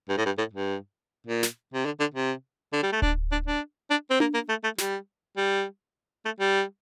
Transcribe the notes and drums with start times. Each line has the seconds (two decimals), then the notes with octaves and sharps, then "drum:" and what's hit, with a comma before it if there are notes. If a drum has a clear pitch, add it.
0.09 G2
0.18 A2
0.26 G2
0.38 A2
0.53 G2
1.27 A#2
1.43 drum: snare
1.74 C3
1.85 D3
2.00 D3
2.14 C3
2.73 D3
2.83 G3
2.92 A3
3.02 D4, drum: kick D1
3.32 D4
3.47 D4
3.91 D4
4.10 C4
4.20 A#3, drum: tom D4
4.34 A#3
4.49 A3
4.64 A3
4.78 G3, drum: snare
5.37 G3
6.25 A3
6.40 G3